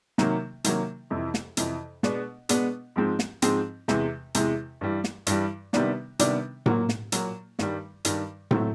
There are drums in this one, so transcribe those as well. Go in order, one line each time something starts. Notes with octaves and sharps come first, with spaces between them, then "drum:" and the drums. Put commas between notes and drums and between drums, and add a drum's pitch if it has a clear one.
C3 D#3 F#3 A#3, drum: snare
C3 D#3 F#3 A#3, drum: hi-hat
F2 C3 E3
drum: snare
F2 C3 E3, drum: hi-hat
B2 G#3 B3 D4, drum: snare
B2 G#3 B3 D4, drum: hi-hat
G#2 F3 G#3 C4
drum: snare
G#2 F3 G#3 C4, drum: hi-hat
E2 C3 E3 G#3, drum: snare
E2 C3 E3 G#3, drum: hi-hat
G2 E3 G3
drum: snare
G2 E3 G3, drum: hi-hat
C3 D#3 G3 B3 D4, drum: snare
C3 D#3 G3 B3 D4, drum: hi-hat
A#2 F#3 A#3, drum: tom A2
drum: snare
A#2 F#3 A#3, drum: hi-hat
G2 D#3 G3, drum: snare
G2 D#3 G3, drum: hi-hat
A2 F#3 A3 C4, drum: tom A2